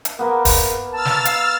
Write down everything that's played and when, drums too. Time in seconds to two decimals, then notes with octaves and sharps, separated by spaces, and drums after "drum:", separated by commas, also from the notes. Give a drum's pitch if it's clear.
0.05 drum: hi-hat
0.19 A#3 B3 A#4
0.45 drum: kick, open hi-hat
0.93 A5 E6 F6 A6
1.05 drum: snare
1.25 F5, drum: hi-hat